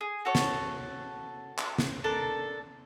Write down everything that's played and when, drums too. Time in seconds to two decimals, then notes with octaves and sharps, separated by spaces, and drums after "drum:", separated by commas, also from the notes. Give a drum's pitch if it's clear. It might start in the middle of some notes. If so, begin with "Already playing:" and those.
0.01 G#4
0.25 F#4 A4 C#5
0.35 drum: snare
1.58 drum: clap
1.78 drum: snare
2.04 D4 A4 A#4